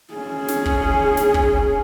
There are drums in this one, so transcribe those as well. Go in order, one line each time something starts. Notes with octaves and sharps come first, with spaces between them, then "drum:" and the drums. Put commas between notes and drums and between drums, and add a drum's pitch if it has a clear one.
C#4 G#4
drum: snare
drum: kick
drum: snare
drum: kick